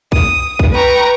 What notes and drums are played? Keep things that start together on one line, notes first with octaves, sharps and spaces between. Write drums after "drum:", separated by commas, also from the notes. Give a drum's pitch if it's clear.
D#6, drum: kick
drum: kick
B4 G5 A#5 C#6